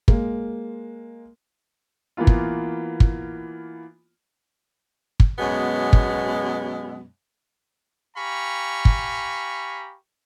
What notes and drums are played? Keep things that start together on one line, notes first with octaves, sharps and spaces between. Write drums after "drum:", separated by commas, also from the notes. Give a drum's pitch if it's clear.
G#3 A#3, drum: kick
E3 A#3 B3 F4
drum: kick
drum: kick
drum: kick
F#2 B2 G#3 B3
drum: kick
G4 F5 G#5 A#5 B5 C#6
drum: kick